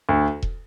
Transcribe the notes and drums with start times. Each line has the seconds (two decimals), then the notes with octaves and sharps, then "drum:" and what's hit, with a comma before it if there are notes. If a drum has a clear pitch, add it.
0.09 D2
0.43 drum: kick E1